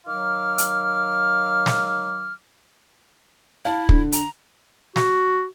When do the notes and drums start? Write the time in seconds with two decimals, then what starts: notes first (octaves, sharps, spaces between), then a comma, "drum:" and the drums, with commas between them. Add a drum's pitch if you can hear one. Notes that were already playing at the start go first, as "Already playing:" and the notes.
0.07 D#3 F#3 F5 D6 F6
0.58 drum: hi-hat
1.66 drum: snare
3.65 E4 F5 A5
3.89 D3, drum: kick
4.12 A#5, drum: hi-hat
4.96 F#4, drum: snare